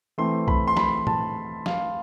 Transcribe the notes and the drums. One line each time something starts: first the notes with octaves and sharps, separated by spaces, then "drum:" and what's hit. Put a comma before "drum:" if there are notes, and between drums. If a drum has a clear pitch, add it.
E3 A3 C4 C6
B5, drum: kick
C6
B5, drum: snare
A5, drum: tom
F5, drum: snare